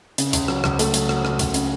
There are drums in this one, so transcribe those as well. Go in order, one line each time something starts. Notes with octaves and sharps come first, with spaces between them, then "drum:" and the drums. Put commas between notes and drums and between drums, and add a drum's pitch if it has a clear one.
C#3, drum: hi-hat
C#2, drum: hi-hat
F#3, drum: rim click
C#2, drum: rim click
A3, drum: hi-hat
F#3, drum: hi-hat
F#3, drum: rim click
F#3, drum: rim click
C#2, drum: hi-hat
C#3, drum: hi-hat